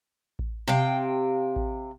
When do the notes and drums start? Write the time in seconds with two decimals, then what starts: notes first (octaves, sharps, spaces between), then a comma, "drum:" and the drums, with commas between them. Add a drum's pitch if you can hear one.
0.39 drum: kick A1
0.68 C3 F5 G5, drum: snare
1.56 drum: kick A1